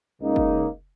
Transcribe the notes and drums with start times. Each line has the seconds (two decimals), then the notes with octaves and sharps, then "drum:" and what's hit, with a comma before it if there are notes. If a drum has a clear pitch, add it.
0.21 C#2 C#3 A#3 D#4
0.36 drum: kick